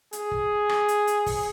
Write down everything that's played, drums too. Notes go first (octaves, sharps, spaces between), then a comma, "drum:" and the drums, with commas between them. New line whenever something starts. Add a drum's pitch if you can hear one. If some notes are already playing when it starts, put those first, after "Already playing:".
G#4, drum: hi-hat
drum: kick
drum: rim click
drum: hi-hat
drum: hi-hat
drum: kick, open hi-hat